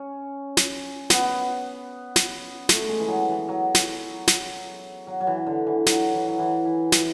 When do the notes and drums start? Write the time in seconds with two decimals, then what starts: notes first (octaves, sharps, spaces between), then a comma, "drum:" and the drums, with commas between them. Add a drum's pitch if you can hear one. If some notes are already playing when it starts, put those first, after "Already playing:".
Already playing: C#4
0.57 drum: snare
1.10 B3, drum: snare
2.16 drum: snare
2.69 A3, drum: snare
2.89 G#3
3.00 E3
3.08 F#3
3.28 E3
3.48 F#3
3.75 drum: snare
4.27 drum: snare
5.07 F#3
5.21 F#3
5.27 E3
5.46 D3
5.67 E3
5.86 F#3, drum: snare
6.13 E3
6.28 F#3
6.39 E3
6.65 E3
6.92 drum: snare